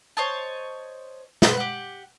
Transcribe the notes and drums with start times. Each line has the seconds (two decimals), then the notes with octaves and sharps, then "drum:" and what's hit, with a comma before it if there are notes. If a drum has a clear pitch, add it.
0.17 C5 C#5 D#5 A5
1.42 B3 B4 C5, drum: snare
1.57 G4 F#5